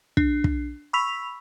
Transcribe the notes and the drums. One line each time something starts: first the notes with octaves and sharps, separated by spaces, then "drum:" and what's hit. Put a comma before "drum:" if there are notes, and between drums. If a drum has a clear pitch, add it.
D4, drum: kick
drum: kick
B5 C#6 E6 B6 F7